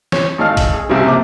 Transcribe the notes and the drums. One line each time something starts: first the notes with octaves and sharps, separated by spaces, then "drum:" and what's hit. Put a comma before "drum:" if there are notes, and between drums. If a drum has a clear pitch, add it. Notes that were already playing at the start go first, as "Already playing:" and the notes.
C#5, drum: snare
G#1 A3 D#4 F5 F6
drum: kick, hi-hat
G#4
C2 C#3 G3 C4
A#1 C5 D6